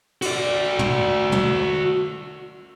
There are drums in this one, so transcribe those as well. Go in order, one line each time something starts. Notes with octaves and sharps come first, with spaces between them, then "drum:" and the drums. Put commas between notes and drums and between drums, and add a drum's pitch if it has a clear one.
F#4 D5, drum: cymbal
drum: tom
drum: tom